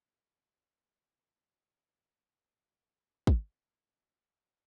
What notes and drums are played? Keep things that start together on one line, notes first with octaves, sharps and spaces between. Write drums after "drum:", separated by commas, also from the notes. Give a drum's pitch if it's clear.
F1
F#3
C2
G2
G#2
drum: kick
F3 A#3 C4 G#4 C#5 E5